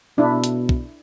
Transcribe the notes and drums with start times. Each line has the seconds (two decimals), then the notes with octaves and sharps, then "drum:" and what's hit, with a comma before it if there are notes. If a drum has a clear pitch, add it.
0.18 B2 D4 E4
0.44 drum: hi-hat
0.69 drum: kick